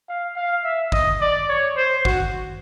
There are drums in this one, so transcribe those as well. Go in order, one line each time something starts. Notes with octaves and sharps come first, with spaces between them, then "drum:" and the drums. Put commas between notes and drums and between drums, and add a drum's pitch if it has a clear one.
F5
F5
E5
D#5, drum: kick
D5
C#5
C5
F#4, drum: kick